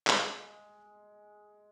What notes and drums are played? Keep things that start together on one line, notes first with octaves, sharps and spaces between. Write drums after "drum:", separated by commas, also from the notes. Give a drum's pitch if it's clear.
G#3, drum: clap